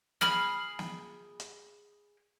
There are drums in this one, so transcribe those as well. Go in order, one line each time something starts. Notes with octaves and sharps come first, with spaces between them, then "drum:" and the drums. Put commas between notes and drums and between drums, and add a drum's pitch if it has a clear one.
G#4 B5 F6, drum: snare
drum: snare
drum: hi-hat